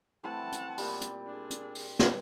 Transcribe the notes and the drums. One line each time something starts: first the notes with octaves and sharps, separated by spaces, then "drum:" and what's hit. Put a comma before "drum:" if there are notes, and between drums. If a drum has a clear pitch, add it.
E3 A3 C4 F#5 A5
drum: hi-hat
A#2 G3, drum: open hi-hat
drum: hi-hat
D4 G#4
drum: hi-hat
drum: open hi-hat
drum: snare